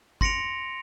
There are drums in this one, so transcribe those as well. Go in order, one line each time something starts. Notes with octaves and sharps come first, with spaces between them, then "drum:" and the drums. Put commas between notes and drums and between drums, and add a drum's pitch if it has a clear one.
C6 A#6 C#7 D7 F7, drum: kick